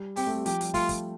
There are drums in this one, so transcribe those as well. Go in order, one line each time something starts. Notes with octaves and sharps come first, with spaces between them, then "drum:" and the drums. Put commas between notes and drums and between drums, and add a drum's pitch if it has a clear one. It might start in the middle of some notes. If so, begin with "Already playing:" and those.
Already playing: G3
C4 G4, drum: open hi-hat
A3
G3
F3 G4, drum: hi-hat
G3, drum: hi-hat
A3 F4, drum: kick, open hi-hat
drum: kick, hi-hat